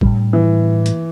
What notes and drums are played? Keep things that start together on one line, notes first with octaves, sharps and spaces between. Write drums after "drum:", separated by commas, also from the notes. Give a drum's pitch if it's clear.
A2 G3 D4, drum: kick
E3
drum: hi-hat